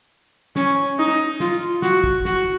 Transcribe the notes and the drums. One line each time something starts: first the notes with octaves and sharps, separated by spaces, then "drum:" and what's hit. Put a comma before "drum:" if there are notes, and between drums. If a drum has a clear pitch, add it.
C#4, drum: snare
D#4
F4, drum: snare
F#4, drum: snare
drum: kick
F#4, drum: snare